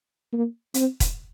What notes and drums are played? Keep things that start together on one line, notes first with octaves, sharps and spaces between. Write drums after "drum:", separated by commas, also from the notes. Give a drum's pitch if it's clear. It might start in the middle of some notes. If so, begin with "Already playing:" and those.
A#3
C4, drum: hi-hat
drum: kick E1, hi-hat